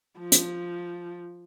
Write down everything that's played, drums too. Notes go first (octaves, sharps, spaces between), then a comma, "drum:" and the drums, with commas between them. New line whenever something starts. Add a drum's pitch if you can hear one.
F3
drum: hi-hat